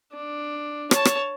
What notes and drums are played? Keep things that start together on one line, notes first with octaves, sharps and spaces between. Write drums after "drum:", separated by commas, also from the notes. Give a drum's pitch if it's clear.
D4
C#5 A5, drum: rim click
drum: rim click